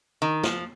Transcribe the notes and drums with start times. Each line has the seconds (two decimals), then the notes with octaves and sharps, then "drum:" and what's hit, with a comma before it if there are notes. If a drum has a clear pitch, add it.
0.22 D#3
0.43 F3, drum: snare